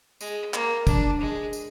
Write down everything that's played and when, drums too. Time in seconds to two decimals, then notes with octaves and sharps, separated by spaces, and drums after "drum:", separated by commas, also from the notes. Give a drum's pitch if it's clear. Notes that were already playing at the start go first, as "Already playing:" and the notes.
0.21 G#3, drum: tambourine
0.54 A#3, drum: clap
0.87 D4, drum: kick, tambourine
1.21 G#3
1.53 drum: tambourine